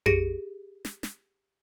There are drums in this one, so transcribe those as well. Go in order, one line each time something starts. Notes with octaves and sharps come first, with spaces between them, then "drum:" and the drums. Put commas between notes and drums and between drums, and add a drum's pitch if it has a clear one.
G4 G#4 A#6 C#7, drum: tom F2
drum: snare
drum: snare